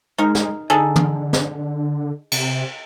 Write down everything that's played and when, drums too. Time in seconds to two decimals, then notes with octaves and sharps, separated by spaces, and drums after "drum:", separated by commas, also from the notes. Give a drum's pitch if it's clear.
0.18 G#3 D#4 A#4
0.35 drum: snare
0.70 D3 D#4 G#4 A4
0.96 drum: tom
1.33 drum: snare
2.32 C3, drum: cymbal